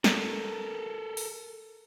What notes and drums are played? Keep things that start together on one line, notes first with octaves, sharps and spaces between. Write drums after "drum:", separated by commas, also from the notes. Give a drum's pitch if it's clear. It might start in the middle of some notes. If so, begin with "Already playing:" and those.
A4 A#4, drum: snare
drum: open hi-hat